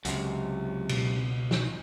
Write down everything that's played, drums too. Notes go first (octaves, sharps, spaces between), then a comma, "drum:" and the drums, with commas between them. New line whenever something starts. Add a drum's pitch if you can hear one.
C#2 F#2 C3, drum: hi-hat
B2, drum: cymbal
drum: snare